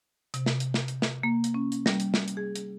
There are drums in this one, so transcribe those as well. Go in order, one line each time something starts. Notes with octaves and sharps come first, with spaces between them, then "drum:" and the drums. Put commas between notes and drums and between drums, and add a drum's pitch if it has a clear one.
C3, drum: hi-hat
drum: snare
drum: hi-hat
drum: snare
drum: hi-hat
drum: snare
A#3
drum: hi-hat
C#4
drum: hi-hat
G3, drum: snare
drum: hi-hat
drum: snare
drum: hi-hat
G#4
drum: hi-hat